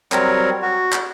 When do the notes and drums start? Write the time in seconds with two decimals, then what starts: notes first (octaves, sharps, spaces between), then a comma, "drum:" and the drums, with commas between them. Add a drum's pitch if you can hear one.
0.12 F#3 G3 C4 A#4 C#5, drum: clap
0.62 F#4
0.92 drum: clap